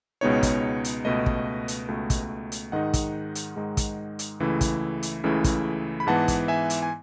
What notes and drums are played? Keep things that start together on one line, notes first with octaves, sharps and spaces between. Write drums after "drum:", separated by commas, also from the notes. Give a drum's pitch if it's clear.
C#2 B2 G#3 B3 D#4 C#5
drum: kick, hi-hat
drum: hi-hat
C#2 B2 A3 B4 D#5
drum: kick
drum: hi-hat
C#2 B2 A3
drum: kick, hi-hat
drum: hi-hat
G#2 D#3 G#3 D#4 D#5 F#5
drum: kick, hi-hat
drum: hi-hat
G#2 D#3 G#3 D#4
drum: kick, hi-hat
drum: hi-hat
C#2 C#3 E3 A3 E4
drum: kick, hi-hat
drum: hi-hat
C#2 C#3 E3 A3 E4
drum: kick, hi-hat
B5
G#2 E3 B3 F#5 A5
drum: kick, hi-hat
E5 G#5
drum: hi-hat
G#5